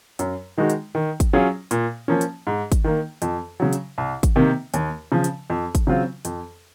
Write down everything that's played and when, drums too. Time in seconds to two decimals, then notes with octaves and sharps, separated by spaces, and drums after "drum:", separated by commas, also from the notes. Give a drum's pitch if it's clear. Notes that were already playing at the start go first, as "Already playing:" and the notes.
0.19 F#2, drum: hi-hat
0.58 D#3 G#3 D#4 F#4
0.70 drum: hi-hat
0.95 D#3
1.20 drum: kick, hi-hat
1.33 F#3 C#4 F4 G#4
1.71 A#2, drum: hi-hat
2.08 F3 A#3 C#4
2.21 drum: hi-hat
2.47 G#2
2.72 drum: kick, hi-hat
2.84 D#3 A#3
3.22 F2, drum: hi-hat
3.60 C#3 F#3
3.73 drum: hi-hat
3.98 C2
4.23 drum: kick, hi-hat
4.36 C3 D#3 A#3
4.74 D#2, drum: hi-hat
5.12 C#3 F3
5.24 drum: hi-hat
5.50 F2
5.75 drum: kick, hi-hat
5.87 C#3 F#3 C4 F4
6.25 F2, drum: hi-hat